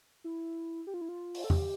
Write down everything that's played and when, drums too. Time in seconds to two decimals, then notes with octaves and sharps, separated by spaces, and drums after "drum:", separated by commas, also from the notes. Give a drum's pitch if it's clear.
0.24 E4
0.87 G4
0.94 F4
1.01 E4
1.09 F4
1.35 drum: open hi-hat
1.44 A4
1.50 G4, drum: tom E2